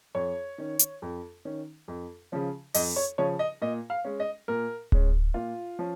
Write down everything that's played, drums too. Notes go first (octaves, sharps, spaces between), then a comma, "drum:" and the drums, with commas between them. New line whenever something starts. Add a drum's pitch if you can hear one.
F2 C#5
D#3 C#4
drum: hi-hat
F2
D#3 C#4
F2
C#3 F3 C#4
F2 D#5, drum: open hi-hat
C#5
C#3 F3 C#4 C#5
D#5
A#2 D#5
F5
G#3 C#4
D#5
A#2 A#4
G#3 C#4, drum: kick D1
A#2 F4
F3 C#4